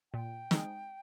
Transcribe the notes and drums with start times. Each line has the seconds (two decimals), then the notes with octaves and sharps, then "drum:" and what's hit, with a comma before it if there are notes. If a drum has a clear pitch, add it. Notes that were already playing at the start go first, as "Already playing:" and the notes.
0.13 A#2 G5
0.51 G#3 C4 D#4 G#4, drum: snare